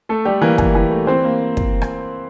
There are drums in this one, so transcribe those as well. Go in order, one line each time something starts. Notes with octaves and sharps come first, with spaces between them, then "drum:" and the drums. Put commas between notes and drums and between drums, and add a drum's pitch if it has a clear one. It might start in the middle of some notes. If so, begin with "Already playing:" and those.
A3 A4
G3 A3 G4
E3 A#3 A#4
E3, drum: kick
E3
A3
E3 C4 C5
A#3
drum: kick
drum: rim click